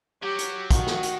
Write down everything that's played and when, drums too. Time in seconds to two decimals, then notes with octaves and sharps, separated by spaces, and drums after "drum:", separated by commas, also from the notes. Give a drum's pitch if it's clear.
0.23 F#3 G4
0.39 drum: hi-hat
0.71 D#3 F#4, drum: kick, hi-hat
0.87 drum: snare
1.03 drum: hi-hat